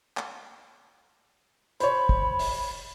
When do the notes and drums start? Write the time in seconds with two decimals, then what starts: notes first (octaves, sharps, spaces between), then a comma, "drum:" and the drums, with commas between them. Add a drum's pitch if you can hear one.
0.17 drum: clap
1.80 C5 C#5 B5, drum: hi-hat
2.09 drum: kick
2.39 drum: open hi-hat